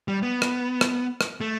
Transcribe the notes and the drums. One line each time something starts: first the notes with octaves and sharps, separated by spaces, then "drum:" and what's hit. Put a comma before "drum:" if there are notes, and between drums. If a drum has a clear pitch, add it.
G3
B3
drum: rim click
drum: rim click
drum: rim click
A3